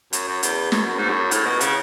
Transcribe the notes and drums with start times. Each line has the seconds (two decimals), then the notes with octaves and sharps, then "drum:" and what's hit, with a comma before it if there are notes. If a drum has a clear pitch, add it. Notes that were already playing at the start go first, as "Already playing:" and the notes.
0.13 F#2, drum: hi-hat
0.27 F#2
0.43 E2, drum: hi-hat
0.72 F#2, drum: snare
0.87 F#2
0.98 G#2
1.09 F#2
1.31 A2, drum: hi-hat
1.46 B2
1.61 C#3, drum: hi-hat